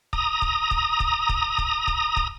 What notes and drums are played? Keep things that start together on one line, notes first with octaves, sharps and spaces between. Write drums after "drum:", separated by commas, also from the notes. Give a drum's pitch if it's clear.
A#5 D#6, drum: kick
drum: kick
drum: kick
drum: kick
drum: kick
drum: kick
drum: kick
drum: kick